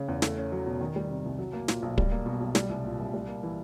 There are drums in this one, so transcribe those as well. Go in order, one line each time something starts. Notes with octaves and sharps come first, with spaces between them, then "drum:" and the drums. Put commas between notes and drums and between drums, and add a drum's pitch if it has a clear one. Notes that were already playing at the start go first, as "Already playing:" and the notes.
Already playing: C#3
E2
A3, drum: snare
C#4
F#3
B2
D#3
G3
C3
C2
F#3
A#3
A#2, drum: snare
B1
G3, drum: kick
A#3
B2
B1
G3, drum: snare
C2
A#2
C2
G3
A#3
E3